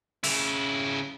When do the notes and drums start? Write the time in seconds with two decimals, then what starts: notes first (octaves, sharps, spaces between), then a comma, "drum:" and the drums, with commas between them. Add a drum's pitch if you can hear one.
0.24 C#3 E4, drum: open hi-hat